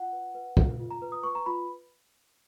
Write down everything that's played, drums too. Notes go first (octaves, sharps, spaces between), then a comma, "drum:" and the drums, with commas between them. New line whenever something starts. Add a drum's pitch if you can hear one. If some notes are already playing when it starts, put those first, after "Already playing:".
Already playing: F4 F#5
B4
B4
F4, drum: kick
F4
A#5
B4
D#6
B4 C#6
A#5
F4 B5